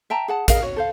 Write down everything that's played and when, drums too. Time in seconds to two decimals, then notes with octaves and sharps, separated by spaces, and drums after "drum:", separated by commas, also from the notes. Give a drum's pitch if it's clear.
0.10 E5 G5 A5 A#5
0.28 G#4 F#5 A5
0.48 G#4 A#4 D#5 F5, drum: kick, hi-hat
0.62 F#4 C#5
0.76 A4 C5 F5